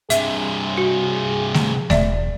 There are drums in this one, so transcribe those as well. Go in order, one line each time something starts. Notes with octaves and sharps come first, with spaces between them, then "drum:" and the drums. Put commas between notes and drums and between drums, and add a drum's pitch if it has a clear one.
G2 C3 G#4 E5, drum: hi-hat
F#4
drum: snare A3
E1 D5 E5, drum: snare A3